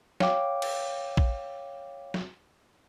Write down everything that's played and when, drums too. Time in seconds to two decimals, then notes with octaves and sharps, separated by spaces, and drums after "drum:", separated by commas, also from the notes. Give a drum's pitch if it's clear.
0.20 C#5 F5 G5 D6, drum: snare
0.62 drum: cymbal
1.17 drum: kick
2.14 drum: snare